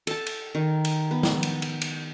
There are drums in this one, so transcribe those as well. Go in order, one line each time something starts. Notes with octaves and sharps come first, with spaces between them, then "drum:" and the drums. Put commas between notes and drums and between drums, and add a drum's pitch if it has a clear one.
A4 A5, drum: cymbal
drum: cymbal
D#3
drum: cymbal
B3
drum: snare
drum: cymbal
drum: cymbal
drum: cymbal